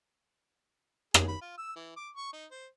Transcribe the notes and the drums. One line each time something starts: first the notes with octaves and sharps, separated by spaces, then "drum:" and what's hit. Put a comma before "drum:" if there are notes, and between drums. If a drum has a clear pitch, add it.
G#4, drum: rim click
B5
F4
E6
E3
D6
C#6
D#4
C5